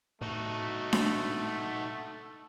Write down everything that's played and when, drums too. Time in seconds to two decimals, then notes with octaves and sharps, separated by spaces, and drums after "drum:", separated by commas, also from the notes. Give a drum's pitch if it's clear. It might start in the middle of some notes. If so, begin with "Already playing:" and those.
0.21 A2 A3 D#4 F#4
0.93 drum: snare D4